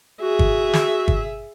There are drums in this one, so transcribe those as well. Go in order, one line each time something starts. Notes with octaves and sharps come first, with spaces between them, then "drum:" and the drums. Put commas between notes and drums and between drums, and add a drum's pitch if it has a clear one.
F#4 G#4 E5
drum: kick
drum: snare
drum: kick